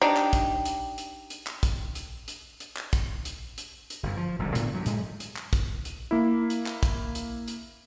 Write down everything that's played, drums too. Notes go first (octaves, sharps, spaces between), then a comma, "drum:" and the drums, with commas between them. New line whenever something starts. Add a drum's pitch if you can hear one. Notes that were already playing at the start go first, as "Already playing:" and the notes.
D4 D#4 G4
drum: clap
drum: kick, hi-hat
drum: hi-hat
drum: hi-hat
drum: hi-hat
drum: clap
drum: kick, hi-hat
drum: hi-hat
drum: hi-hat
drum: hi-hat
drum: clap
drum: kick, hi-hat
drum: hi-hat
drum: hi-hat
drum: hi-hat
G1 F#2 A2
F3
F1 C2 G#2 D3
A2 D3 D#3 B3, drum: hi-hat
G2 F#3
A2 G#3, drum: hi-hat
drum: hi-hat
drum: clap
drum: kick, hi-hat
drum: hi-hat
A#3 E4
drum: hi-hat
drum: clap
drum: kick, hi-hat
drum: hi-hat
drum: hi-hat